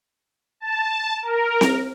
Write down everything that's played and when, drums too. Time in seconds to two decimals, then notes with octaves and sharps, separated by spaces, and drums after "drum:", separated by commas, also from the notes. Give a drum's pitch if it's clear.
0.60 A5
1.22 A#4
1.61 drum: snare C4